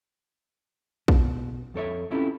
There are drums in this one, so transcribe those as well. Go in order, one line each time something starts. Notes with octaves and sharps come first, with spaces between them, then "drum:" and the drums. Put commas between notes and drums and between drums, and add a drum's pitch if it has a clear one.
B2, drum: kick A#1
F2 A4 C#5 E5
C4 C#4 E4 F4 G4 A4